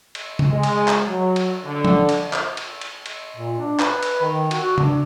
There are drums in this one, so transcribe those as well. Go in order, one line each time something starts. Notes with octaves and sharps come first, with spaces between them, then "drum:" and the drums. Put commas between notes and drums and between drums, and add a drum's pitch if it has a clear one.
drum: cymbal
drum: tom C#3
G#3
drum: cymbal
drum: clap
F#3
drum: cymbal
D3
drum: tom F3
drum: cymbal
drum: clap
drum: cymbal
drum: cymbal
drum: cymbal
A#2
D4
B4, drum: clap
drum: cymbal
D#3
F#4, drum: cymbal
D4, drum: tom C#3